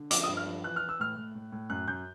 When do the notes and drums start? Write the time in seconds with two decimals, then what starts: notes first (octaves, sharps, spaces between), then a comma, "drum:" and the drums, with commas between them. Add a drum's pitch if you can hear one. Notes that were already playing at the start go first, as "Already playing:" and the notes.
Already playing: D3
0.11 F3 D6, drum: hi-hat
0.24 D#6
0.28 G2
0.37 F6
0.46 F3
0.64 E3 F#6
0.76 F6
0.81 E3
0.89 E6
1.00 A2 F6
1.16 A2
1.35 A2
1.52 A2
1.70 F#2 F#6
1.88 F#2 G6